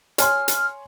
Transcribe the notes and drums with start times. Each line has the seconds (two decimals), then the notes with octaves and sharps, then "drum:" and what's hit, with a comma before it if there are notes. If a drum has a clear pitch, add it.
0.18 C#5 G#5 C6 F6, drum: hi-hat
0.48 drum: hi-hat